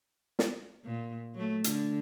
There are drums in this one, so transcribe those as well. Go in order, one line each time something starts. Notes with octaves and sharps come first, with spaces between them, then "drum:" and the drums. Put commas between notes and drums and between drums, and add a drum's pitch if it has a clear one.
drum: snare
A#2
F#3 A3
D3, drum: hi-hat